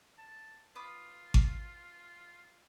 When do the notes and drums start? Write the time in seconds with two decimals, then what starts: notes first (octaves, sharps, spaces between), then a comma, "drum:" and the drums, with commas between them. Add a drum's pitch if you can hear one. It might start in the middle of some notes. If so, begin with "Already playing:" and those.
0.18 A5
0.75 F4 B4 D6 D#6
1.34 drum: kick G#1